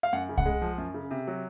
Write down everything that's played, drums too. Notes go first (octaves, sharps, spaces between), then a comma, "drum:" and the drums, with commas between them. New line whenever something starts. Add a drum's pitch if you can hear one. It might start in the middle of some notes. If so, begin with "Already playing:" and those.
F5
F#2 F#5
C#3
F#5, drum: kick C2
G#3
F3
F#2
C#3
C3
F#3